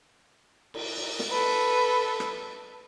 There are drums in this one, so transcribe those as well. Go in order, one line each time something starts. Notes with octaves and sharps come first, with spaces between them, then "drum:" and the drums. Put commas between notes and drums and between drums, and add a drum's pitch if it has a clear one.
drum: cymbal
drum: cymbal
drum: snare
A4 B4
drum: rim click